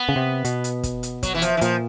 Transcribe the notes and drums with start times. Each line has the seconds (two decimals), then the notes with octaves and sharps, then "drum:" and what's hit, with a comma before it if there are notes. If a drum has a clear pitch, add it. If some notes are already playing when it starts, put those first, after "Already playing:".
Already playing: B3
0.09 C#3
0.16 C3
0.45 B2, drum: hi-hat
0.64 drum: hi-hat
0.83 drum: kick, hi-hat
1.03 drum: hi-hat
1.23 F#3, drum: kick, hi-hat
1.34 E3
1.42 F3, drum: hi-hat
1.57 E3
1.61 A#2 F3, drum: hi-hat